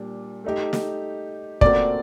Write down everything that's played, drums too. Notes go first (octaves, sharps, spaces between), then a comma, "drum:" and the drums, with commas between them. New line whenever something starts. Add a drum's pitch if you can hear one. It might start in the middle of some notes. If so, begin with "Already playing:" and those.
Already playing: A#2 G3 D4
A3 D#4 G4
drum: snare
A#2 A3 C4 F#4 A#4 D5, drum: kick